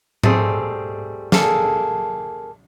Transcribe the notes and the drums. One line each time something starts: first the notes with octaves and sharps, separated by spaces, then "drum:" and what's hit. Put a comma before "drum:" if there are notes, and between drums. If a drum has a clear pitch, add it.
G3 A3 C4 G#4, drum: tom G#2
A#3 G#4 A4, drum: snare